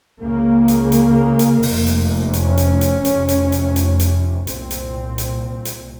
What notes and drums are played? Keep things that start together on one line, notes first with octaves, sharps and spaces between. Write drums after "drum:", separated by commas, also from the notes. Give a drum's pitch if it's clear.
C#2 C#3 A#3
drum: hi-hat
drum: hi-hat
drum: hi-hat
F1 F2 C3, drum: open hi-hat
drum: hi-hat
C#4, drum: hi-hat
drum: hi-hat
drum: hi-hat
F1 F2 C3, drum: hi-hat
drum: hi-hat
drum: hi-hat
drum: hi-hat
drum: hi-hat
C2 A#2 C4, drum: hi-hat
drum: hi-hat
drum: hi-hat
drum: hi-hat